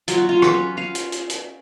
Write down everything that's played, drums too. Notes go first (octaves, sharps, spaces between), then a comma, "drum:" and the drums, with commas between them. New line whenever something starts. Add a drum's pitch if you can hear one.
F#3 F4, drum: hi-hat
F#4
C#4 F4
B4, drum: rim click
C#4
C#4 F5
drum: hi-hat
drum: hi-hat
drum: hi-hat